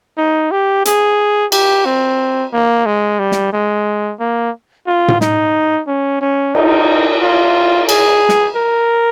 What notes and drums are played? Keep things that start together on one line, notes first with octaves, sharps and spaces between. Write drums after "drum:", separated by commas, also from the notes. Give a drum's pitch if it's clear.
D#4
G4
G#4, drum: hi-hat
G4, drum: cymbal
C4
A#3
G#3
G3
drum: snare
G#3
A#3
F4
drum: tom A2
D#4, drum: snare
C#4
C#4
D#4, drum: cymbal
F4
G#4, drum: cymbal
drum: snare
A#4